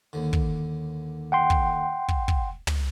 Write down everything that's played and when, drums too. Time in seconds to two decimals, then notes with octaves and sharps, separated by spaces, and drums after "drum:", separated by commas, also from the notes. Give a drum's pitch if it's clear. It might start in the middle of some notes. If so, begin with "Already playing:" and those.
0.13 D#2 D3
0.33 drum: kick
1.32 F#5 G5 C6
1.50 drum: kick
2.08 drum: kick
2.28 drum: kick
2.67 drum: tom